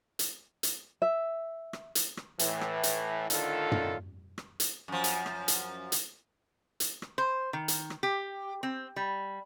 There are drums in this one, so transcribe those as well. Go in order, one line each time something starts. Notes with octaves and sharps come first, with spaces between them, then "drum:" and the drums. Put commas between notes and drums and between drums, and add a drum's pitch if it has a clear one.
drum: hi-hat
drum: hi-hat
E5
drum: rim click
drum: hi-hat
drum: rim click
A2 E3, drum: hi-hat
drum: rim click
drum: hi-hat
A2 D3 D#3 D4 F4 A4, drum: hi-hat
drum: tom
drum: rim click
drum: hi-hat
F#2 F3
drum: hi-hat
drum: rim click
drum: hi-hat
drum: hi-hat
drum: hi-hat
drum: rim click
C5
D#3
drum: hi-hat
drum: rim click
G4
C4
G3